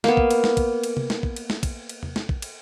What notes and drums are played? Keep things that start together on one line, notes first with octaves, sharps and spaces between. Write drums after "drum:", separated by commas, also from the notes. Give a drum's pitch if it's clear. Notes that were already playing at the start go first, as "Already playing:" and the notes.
A#3 B3, drum: snare
drum: kick
drum: cymbal
drum: snare
drum: kick, cymbal
drum: cymbal
drum: tom C3
drum: snare
drum: kick
drum: cymbal
drum: snare
drum: kick, cymbal
drum: cymbal
drum: tom
drum: snare
drum: kick
drum: cymbal